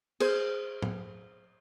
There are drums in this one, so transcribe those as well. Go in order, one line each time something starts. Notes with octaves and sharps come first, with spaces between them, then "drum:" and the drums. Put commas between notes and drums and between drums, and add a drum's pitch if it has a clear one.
G#4 C5, drum: cymbal
drum: tom